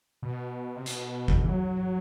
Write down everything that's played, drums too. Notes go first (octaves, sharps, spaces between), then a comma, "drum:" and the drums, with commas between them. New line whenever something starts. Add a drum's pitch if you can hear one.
B2
C3
B2, drum: hi-hat
drum: kick G1
E3
F#3